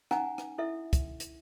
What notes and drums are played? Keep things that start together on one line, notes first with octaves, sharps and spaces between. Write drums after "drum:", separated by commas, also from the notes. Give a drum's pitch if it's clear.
C#4 D#4 F#5 G#5 A#5, drum: rim click
drum: rim click
E4 A4 E5
drum: kick, hi-hat
drum: hi-hat